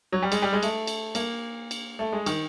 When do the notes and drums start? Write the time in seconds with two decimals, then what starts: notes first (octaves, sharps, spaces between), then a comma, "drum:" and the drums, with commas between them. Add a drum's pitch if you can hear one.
0.12 F#3
0.22 G3
0.32 G#3, drum: cymbal
0.42 G3
0.53 G#3
0.63 A3, drum: cymbal
0.87 drum: cymbal
1.15 A#3, drum: cymbal
1.71 drum: cymbal
1.99 A3
2.12 G#3
2.26 D#3, drum: cymbal